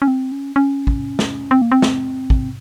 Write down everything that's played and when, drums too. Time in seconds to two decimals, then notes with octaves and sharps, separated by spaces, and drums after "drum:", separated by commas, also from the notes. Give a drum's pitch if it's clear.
0.02 C#4
0.08 C4
0.32 C#4
0.56 C#4
0.87 drum: kick
1.19 drum: snare
1.51 C4
1.62 A#3
1.72 C4
1.82 drum: snare
2.30 drum: kick